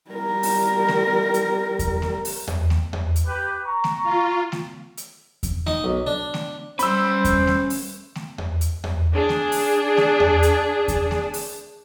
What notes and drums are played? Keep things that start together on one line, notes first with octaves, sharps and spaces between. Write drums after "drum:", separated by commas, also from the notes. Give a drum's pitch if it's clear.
G3 A#4
drum: open hi-hat
drum: snare A3
drum: hi-hat
drum: kick E2, hi-hat
drum: snare A3
drum: open hi-hat
drum: tom E2
drum: snare A3
drum: tom E2
drum: hi-hat
G4 B4
A#5 C#6
drum: snare A3
F4
drum: snare A3
drum: hi-hat
drum: kick E2, hi-hat
D#4, drum: snare A3
B1
D4
drum: snare A3
G3 C#4 C5 B5 C6 E6, drum: hi-hat
drum: kick E2, hi-hat
drum: snare A3
drum: open hi-hat
drum: snare A3
drum: tom E2
drum: hi-hat
drum: tom E2
D4 G#4
drum: snare A3
drum: open hi-hat
drum: snare A3
drum: tom E2
drum: hi-hat
drum: kick E2, hi-hat
drum: snare A3
drum: open hi-hat